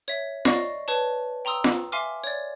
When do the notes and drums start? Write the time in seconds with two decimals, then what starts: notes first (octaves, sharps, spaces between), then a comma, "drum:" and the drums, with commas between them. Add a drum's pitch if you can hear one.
0.08 C#5 E5
0.45 D5 D#5 C#6 A#6 C7, drum: snare F4
0.88 B4 C#5 A5
1.45 G5 A#5 C6 D#6 E6
1.64 drum: snare F4
1.92 E5 F5 G#5 C6 D6 F6
2.24 C#5 D5